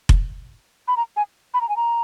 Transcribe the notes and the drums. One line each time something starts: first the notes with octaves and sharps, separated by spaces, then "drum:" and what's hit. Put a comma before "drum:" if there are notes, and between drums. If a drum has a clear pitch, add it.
drum: kick F1
B5
A#5
G#5
B5
A#5
G#5
A#5